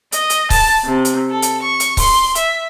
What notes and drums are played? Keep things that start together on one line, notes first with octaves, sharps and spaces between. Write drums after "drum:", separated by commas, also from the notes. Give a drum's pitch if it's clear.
D#5, drum: hi-hat
drum: hi-hat
A5, drum: kick C#1, open hi-hat
C3
drum: hi-hat
A4
drum: hi-hat
C#6
drum: hi-hat
C6, drum: kick C#1, open hi-hat
E5, drum: hi-hat